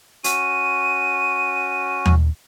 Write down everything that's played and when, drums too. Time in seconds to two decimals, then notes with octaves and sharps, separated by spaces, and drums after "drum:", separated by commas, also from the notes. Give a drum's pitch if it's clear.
0.24 C#4 F#4 D#7, drum: hi-hat
2.06 drum: tom D#2